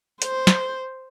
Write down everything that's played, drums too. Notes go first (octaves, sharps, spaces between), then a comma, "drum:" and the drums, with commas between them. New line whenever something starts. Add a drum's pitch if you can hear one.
C5, drum: hi-hat
drum: snare